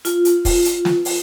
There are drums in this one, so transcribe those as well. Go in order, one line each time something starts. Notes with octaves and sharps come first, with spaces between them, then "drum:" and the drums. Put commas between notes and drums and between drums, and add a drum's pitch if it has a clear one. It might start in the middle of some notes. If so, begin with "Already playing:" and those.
F4, drum: hi-hat
drum: hi-hat
drum: kick, open hi-hat
drum: hi-hat
drum: snare
drum: open hi-hat